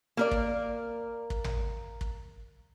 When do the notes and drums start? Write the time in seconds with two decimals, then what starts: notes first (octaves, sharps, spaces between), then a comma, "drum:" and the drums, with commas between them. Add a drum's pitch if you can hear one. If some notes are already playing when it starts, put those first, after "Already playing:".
0.17 A#3 A#4 D5
0.31 drum: kick
1.30 drum: kick
1.44 drum: tom
2.01 drum: kick